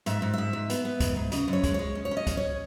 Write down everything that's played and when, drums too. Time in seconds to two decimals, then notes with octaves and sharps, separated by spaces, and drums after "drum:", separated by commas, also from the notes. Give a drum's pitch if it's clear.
0.06 G#2 E5, drum: hi-hat
0.22 G#2
0.34 G#2 E5
0.53 G#2
0.70 B3, drum: hi-hat
0.85 B3
1.00 G#2, drum: kick, hi-hat
1.16 G#2
1.32 C#3 D#5, drum: hi-hat
1.48 F#2
1.53 C#5
1.64 G#3, drum: kick, hi-hat
1.74 G#3 C#5
1.95 C#4
2.05 C#5
2.11 C#4
2.17 D#5
2.27 C#4, drum: kick, hi-hat
2.37 C#5